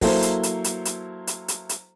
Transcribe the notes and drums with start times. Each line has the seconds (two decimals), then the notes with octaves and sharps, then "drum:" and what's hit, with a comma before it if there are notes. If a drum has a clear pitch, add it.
0.01 F#3 A#3 E4 A4 C5, drum: kick, open hi-hat
0.22 drum: hi-hat
0.43 drum: hi-hat
0.64 drum: hi-hat
0.85 drum: hi-hat
1.27 drum: hi-hat
1.48 drum: hi-hat
1.69 drum: hi-hat